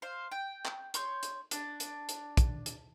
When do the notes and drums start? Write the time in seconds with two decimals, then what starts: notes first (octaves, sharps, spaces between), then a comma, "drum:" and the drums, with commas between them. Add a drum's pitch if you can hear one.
0.02 C5 F5
0.32 G5
0.65 drum: clap
0.94 C#5 C6 G6, drum: hi-hat
1.23 drum: hi-hat
1.51 D4, drum: hi-hat
1.80 drum: hi-hat
2.09 drum: hi-hat
2.37 drum: kick, hi-hat
2.66 drum: hi-hat